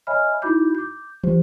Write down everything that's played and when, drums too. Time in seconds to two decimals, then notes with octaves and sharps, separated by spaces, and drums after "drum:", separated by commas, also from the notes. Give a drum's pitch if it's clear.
0.07 C#5 D#5 E5 G#5 B5 F6
0.42 D#4 E4 F#4 B5 D6 G6
0.75 D6 G6
1.24 G4 C5, drum: tom